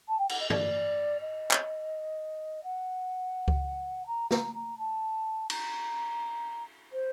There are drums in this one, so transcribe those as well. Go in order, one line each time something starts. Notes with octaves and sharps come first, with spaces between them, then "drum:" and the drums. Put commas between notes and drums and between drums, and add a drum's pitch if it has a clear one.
A5
G5
F#5, drum: cymbal
D#5
D5, drum: tom
D#5
drum: clap
F#5
drum: kick C#2
A#5
A#5, drum: snare
A#5
A5
A#5, drum: cymbal
C5